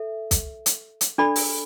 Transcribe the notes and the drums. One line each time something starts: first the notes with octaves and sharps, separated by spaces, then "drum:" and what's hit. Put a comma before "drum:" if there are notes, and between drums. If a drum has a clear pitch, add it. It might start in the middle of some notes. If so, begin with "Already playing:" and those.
Already playing: A4 E5
drum: kick, hi-hat
drum: hi-hat
drum: hi-hat
D4 A4 D5 B5
drum: open hi-hat